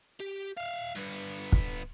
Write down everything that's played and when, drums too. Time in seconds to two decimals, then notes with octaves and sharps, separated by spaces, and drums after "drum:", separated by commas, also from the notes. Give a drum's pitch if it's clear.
0.20 G4
0.57 E5 F5
0.95 G2 B3
1.52 drum: kick